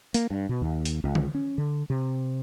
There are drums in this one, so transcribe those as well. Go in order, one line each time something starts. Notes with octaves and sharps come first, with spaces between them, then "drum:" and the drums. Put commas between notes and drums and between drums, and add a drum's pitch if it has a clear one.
A#3, drum: hi-hat
G2
B2
D#2
drum: hi-hat
C#2
drum: tom D3
C#4
D3
C3